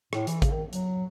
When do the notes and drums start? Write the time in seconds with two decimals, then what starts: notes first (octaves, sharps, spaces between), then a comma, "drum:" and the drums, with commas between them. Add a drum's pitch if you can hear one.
0.13 A2, drum: rim click
0.27 E3, drum: hi-hat
0.42 C#3, drum: kick A1, hi-hat
0.52 D#3
0.73 F#3, drum: hi-hat